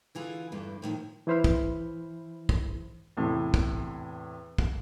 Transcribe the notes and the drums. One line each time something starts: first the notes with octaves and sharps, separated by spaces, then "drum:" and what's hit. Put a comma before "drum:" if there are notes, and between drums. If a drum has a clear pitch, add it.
D3 E3 F4 G#4
E2 G2 D3
A2 D3 D#3 F3
E3 E4 C5 B5 F6
drum: kick
drum: kick
E2 A2 C3 E3
drum: kick
drum: kick